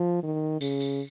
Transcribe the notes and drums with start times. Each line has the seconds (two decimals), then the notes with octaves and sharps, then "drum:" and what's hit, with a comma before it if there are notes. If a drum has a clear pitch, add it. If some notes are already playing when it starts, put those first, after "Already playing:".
Already playing: F3
0.23 D#3
0.61 C#3, drum: tambourine
0.80 drum: tambourine